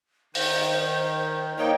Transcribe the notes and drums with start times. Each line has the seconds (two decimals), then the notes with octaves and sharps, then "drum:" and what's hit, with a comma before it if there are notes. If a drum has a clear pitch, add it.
0.35 D#3 C5, drum: open hi-hat
1.58 A#3 D#4 C#5 G5